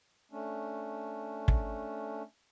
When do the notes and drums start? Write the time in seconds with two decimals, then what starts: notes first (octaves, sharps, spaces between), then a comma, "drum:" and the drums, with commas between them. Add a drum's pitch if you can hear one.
0.32 A3 C#4 D4
1.48 drum: kick